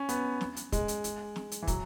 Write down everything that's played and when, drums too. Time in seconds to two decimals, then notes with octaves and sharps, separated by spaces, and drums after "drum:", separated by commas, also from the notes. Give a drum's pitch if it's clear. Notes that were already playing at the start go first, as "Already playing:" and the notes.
Already playing: C#4
0.09 B3, drum: hi-hat
0.41 drum: snare
0.56 drum: hi-hat
0.72 G#3, drum: kick, hi-hat
0.88 drum: hi-hat
1.04 drum: hi-hat
1.36 drum: snare
1.52 drum: hi-hat
1.62 E3
1.67 F#3, drum: kick, hi-hat